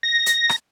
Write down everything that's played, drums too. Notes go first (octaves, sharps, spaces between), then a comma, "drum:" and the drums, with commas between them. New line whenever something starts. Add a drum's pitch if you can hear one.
A#6
drum: hi-hat
drum: rim click